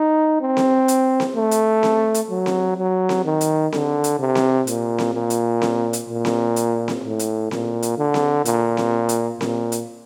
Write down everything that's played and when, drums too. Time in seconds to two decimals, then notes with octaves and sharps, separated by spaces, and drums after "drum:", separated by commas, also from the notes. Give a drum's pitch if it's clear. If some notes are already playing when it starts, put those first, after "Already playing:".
Already playing: D#4
0.41 C4
0.57 drum: snare C4
0.88 drum: hi-hat
1.20 drum: snare C4
1.36 A3
1.51 drum: hi-hat
1.83 drum: snare C4
2.14 drum: hi-hat
2.30 F#3
2.46 drum: snare C4
2.78 F#3
3.09 drum: snare C4
3.25 D#3
3.41 drum: hi-hat
3.72 D3, drum: snare C4
4.04 drum: hi-hat
4.19 C3
4.35 drum: snare C4
4.67 A#2, drum: hi-hat
4.98 drum: snare C4
5.14 A#2
5.30 drum: hi-hat
5.62 drum: snare C4
5.93 drum: hi-hat
6.09 A#2
6.25 drum: snare C4
6.56 drum: hi-hat
6.88 drum: snare C4
7.04 A2
7.19 drum: hi-hat
7.51 A#2, drum: snare C4
7.82 drum: hi-hat
7.98 D3
8.14 drum: snare C4
8.45 A#2, drum: hi-hat
8.77 drum: snare C4
9.09 drum: hi-hat
9.41 A#2, drum: snare C4
9.72 drum: hi-hat